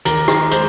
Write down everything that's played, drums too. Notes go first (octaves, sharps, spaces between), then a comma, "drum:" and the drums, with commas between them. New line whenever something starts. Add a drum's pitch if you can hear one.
D#2 A#4, drum: hi-hat
drum: rim click
G#3 C5, drum: hi-hat